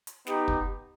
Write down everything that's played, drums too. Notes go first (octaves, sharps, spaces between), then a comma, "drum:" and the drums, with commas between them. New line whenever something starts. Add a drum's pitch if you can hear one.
drum: hi-hat
B3 D#4 G4, drum: snare
drum: kick